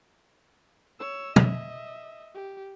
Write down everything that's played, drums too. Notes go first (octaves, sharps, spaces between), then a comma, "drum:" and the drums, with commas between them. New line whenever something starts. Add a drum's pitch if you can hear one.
C#5 E6
D#5 E5, drum: tom
G4